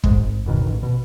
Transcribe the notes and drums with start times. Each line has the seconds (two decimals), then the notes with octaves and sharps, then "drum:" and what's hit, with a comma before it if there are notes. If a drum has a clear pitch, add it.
0.04 A#1 G#2 G#3, drum: kick
0.16 G#1
0.46 D1 F#2 B2 D#3
0.66 A1
0.83 B2